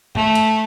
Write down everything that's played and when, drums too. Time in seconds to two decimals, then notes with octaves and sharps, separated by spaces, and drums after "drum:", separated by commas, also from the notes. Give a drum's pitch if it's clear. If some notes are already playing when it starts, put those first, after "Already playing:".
0.15 A3, drum: tom G2
0.35 drum: cymbal